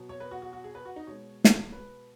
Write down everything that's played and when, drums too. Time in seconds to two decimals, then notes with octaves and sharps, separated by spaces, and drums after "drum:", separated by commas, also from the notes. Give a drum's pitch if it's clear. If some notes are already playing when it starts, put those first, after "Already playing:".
Already playing: B2 F#3
0.09 C#5
0.20 B4
0.31 F#4
0.42 F#4
0.53 F#4
0.64 G#4
0.75 B4
0.85 F#4
0.96 D#4
1.07 B2 G#3 C#5
1.44 drum: snare
1.72 B4